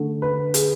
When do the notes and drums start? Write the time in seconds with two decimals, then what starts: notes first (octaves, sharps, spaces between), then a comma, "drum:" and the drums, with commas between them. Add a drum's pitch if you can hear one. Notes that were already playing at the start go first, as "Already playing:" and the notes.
Already playing: D3 A3
0.22 B4
0.54 G#4, drum: hi-hat